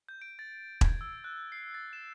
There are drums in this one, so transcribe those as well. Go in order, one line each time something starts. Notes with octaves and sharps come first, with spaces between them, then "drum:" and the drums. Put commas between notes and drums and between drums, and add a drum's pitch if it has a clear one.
G6
D7
A6
G#6, drum: kick E1
E6
F#6
C7
A6
E7